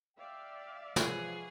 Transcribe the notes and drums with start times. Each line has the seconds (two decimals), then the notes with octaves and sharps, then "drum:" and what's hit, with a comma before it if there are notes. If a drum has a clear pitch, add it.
0.17 D5 E5 F5 G5
0.96 F3 G#4 B4 C#5 F#5, drum: snare